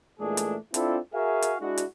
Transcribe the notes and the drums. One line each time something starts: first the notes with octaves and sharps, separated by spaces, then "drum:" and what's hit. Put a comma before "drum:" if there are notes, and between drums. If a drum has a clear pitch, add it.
A#2 E3 G#3 A3 D4 G#4
drum: hi-hat
C4 D4 E4 F4 A4, drum: hi-hat
F#4 G#4 A#4 E5 F5 G#5
drum: hi-hat
G#3 D4 E4 F#4
drum: hi-hat